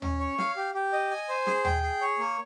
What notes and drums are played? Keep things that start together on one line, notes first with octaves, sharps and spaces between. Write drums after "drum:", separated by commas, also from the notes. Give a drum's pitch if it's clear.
C#4, drum: tom D#2
C#5
F5, drum: snare
G4
G4
D#5
G#5
C5
G#4, drum: snare
G5, drum: tom D#2
G#4
C#5
A#3